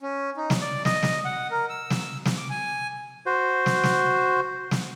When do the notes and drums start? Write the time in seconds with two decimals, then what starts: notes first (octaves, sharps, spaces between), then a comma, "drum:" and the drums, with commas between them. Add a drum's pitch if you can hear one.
0.01 C#4
0.37 D#4
0.50 drum: snare
0.61 D5
0.85 D#5, drum: snare
1.03 drum: snare
1.25 F#5
1.51 A#4
1.69 E6
1.90 drum: snare
2.25 drum: snare
2.37 D6
2.50 G#5
3.26 F#4 C5
3.66 drum: snare
3.83 drum: snare
4.71 drum: snare